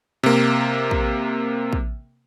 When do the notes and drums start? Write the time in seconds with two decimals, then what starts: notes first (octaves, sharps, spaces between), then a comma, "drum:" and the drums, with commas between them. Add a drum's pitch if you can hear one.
0.23 C3 A#3
0.91 drum: kick
1.73 drum: kick